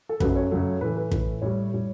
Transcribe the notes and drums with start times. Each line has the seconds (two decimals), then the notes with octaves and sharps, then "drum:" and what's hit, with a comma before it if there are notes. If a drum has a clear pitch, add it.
0.09 A4
0.20 F#2 C#3 F#3 A3 B4, drum: kick
0.36 C#5
0.51 F#2 C#3 F#3 A3
0.81 A2 E3 A3 B4
0.97 B4
1.11 A2 E3 A3 B4, drum: kick
1.42 A2 G3 C#5
1.73 A2 G3